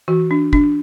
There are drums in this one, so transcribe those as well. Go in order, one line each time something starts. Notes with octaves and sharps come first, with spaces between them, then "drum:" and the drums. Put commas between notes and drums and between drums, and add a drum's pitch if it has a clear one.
E3 F#4
D4
D4, drum: kick